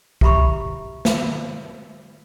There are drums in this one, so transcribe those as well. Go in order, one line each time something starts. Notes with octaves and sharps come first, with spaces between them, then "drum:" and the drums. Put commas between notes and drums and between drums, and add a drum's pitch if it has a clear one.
G4 E5 A#5 B5 C#6, drum: kick
drum: snare